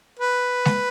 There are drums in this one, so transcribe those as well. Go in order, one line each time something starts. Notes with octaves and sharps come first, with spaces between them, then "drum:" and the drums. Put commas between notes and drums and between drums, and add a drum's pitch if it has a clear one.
B4
drum: snare G#3